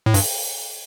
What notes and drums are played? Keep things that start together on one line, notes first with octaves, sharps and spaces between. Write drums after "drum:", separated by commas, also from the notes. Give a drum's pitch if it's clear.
A2
G2, drum: open hi-hat